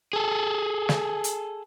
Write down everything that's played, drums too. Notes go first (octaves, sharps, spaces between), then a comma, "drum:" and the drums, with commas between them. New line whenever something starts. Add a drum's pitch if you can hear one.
G#4 A4
drum: snare
drum: hi-hat